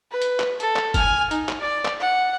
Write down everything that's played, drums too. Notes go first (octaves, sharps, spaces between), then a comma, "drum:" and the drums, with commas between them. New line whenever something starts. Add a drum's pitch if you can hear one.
B4
drum: hi-hat
drum: clap
A4, drum: hi-hat
drum: clap
G#5 F6, drum: kick, hi-hat
D#4, drum: hi-hat
drum: clap
D5
drum: clap
F#5